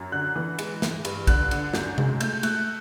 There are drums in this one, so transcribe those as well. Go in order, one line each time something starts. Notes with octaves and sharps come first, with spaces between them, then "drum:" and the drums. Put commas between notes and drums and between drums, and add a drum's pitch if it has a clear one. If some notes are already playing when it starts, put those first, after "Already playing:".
Already playing: F#2
D3 F#6
E3
G#3, drum: cymbal
E3, drum: snare
G2, drum: cymbal
D3 F#6, drum: kick, cymbal
D3, drum: cymbal
F#2 G6, drum: snare
G#3, drum: tom C3
A3 G6, drum: cymbal
A3 F#6, drum: cymbal